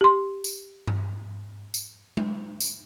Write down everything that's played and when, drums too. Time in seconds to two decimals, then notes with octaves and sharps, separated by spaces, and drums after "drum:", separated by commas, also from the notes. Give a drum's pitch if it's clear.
0.01 G4 C6
0.44 drum: tambourine
0.87 drum: tom G2
1.74 drum: tambourine
2.17 drum: tom G#3
2.60 drum: tambourine